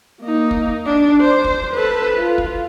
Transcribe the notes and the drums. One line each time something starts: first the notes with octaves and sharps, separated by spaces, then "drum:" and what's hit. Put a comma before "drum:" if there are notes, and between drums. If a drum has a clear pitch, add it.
A#3 D#4
drum: kick
D4
C5
drum: kick
A4 B4
F4
drum: kick